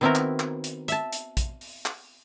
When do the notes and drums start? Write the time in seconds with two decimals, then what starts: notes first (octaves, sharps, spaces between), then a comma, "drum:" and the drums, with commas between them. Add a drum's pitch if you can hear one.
0.01 D#3 B3 C4 E4 F#4 A#4
0.15 drum: clap
0.40 drum: clap
0.64 drum: hi-hat
0.88 E5 A5, drum: hi-hat
1.13 drum: hi-hat
1.37 drum: kick, hi-hat
1.61 drum: open hi-hat
1.85 drum: clap